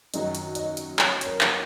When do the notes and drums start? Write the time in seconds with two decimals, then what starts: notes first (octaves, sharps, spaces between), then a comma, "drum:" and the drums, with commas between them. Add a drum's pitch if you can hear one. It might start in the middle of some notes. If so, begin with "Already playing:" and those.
0.14 F#2 D#3 F#3 D#4 F#4 D#5, drum: hi-hat
0.35 drum: hi-hat
0.55 D#5, drum: hi-hat
0.77 drum: hi-hat
0.99 C#5, drum: clap
1.21 C#5, drum: hi-hat
1.27 A#4
1.41 drum: clap